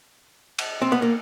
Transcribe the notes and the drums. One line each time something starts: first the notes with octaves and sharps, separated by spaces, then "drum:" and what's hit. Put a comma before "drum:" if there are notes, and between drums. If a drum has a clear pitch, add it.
drum: cymbal
C4
B3
A#3